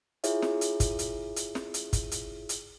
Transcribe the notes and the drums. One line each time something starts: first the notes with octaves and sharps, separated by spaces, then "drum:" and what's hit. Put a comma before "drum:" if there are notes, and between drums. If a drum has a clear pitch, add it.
E4 F4 G#4 C#5 E5, drum: hi-hat
drum: snare
drum: hi-hat
drum: kick, hi-hat
drum: hi-hat
drum: hi-hat
drum: snare
drum: hi-hat
drum: kick, hi-hat
drum: hi-hat
drum: hi-hat